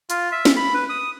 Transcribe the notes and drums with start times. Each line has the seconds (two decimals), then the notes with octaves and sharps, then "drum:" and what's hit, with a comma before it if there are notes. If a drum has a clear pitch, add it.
0.10 F4, drum: hi-hat
0.32 E5
0.45 drum: snare
0.57 B5
0.74 B4
0.89 D#6